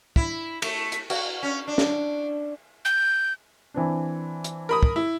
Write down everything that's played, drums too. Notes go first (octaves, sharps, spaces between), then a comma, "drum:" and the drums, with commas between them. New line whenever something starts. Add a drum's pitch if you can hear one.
E4, drum: kick
A3, drum: cymbal
drum: hi-hat
F#4, drum: cymbal
C#4
D4
drum: snare
G6
E3 C4 D4
drum: hi-hat
A#4 B5 D#6
drum: kick
E4